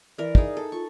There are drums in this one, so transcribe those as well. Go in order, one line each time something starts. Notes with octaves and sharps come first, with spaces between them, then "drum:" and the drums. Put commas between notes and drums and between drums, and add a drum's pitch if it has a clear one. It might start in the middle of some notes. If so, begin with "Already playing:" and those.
E3 A#4 D5
D#4 G#4, drum: kick
A4
F4 C#6